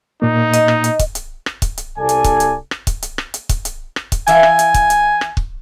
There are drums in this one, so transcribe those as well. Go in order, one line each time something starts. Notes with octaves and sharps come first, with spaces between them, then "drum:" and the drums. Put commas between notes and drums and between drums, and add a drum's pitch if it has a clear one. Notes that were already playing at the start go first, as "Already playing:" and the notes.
A#2 A#3 D#4
D#5, drum: hi-hat
drum: rim click
drum: hi-hat
drum: kick, hi-hat
drum: hi-hat
drum: rim click
drum: kick, hi-hat
drum: hi-hat
C2 A4 D5 G#5
drum: hi-hat
drum: kick, hi-hat
drum: hi-hat
drum: rim click
drum: kick, hi-hat
drum: hi-hat
drum: rim click
drum: hi-hat
drum: kick, hi-hat
drum: hi-hat
drum: rim click
drum: kick, hi-hat
E3 E5 F5 G#5, drum: hi-hat
drum: rim click
drum: hi-hat
drum: kick, hi-hat
drum: hi-hat
drum: rim click
drum: kick